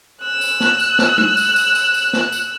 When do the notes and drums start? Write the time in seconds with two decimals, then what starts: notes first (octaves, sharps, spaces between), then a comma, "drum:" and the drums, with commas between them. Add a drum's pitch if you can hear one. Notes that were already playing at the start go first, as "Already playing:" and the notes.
0.22 E6 F#6
0.41 drum: tambourine
0.60 drum: snare
0.79 drum: tambourine
0.99 drum: snare
1.18 drum: tom G#3
1.37 drum: tambourine
1.56 drum: tambourine
1.75 drum: tambourine
1.94 drum: tambourine
2.13 drum: snare
2.32 drum: tambourine